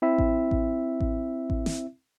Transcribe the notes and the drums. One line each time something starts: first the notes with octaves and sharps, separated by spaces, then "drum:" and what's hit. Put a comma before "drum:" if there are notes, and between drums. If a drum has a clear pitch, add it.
C4 E4 E5
drum: kick A1
drum: kick A1
drum: kick A1
drum: kick A1
drum: snare